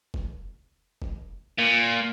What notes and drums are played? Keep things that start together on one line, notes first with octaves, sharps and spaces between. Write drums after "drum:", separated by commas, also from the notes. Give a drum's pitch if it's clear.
drum: kick
drum: kick
A#2